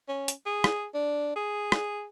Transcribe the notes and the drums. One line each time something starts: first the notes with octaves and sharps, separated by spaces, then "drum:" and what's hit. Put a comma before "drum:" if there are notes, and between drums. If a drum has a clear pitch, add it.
C#4
drum: hi-hat
G#4
drum: rim click
D4
G#4
drum: rim click